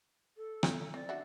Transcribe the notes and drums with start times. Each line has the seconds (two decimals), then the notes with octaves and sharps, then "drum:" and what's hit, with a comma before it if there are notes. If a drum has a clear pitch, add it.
0.37 A4
0.63 drum: rim click
0.94 C4 D5
1.09 D4 F#4 E5